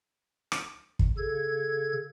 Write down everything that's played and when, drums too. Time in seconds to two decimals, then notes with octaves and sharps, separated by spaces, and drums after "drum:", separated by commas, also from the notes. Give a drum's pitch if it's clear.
0.52 drum: rim click
0.99 drum: kick
1.17 C#3 A4 G#6